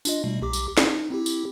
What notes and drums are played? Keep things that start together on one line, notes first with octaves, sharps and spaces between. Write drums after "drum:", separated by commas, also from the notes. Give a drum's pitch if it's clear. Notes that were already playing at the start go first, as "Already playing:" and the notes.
D4 F4 D#5, drum: tambourine
B2 G3 A3
B1 G4 D6
drum: tambourine
D#4, drum: snare
C4 E4 G4
drum: tambourine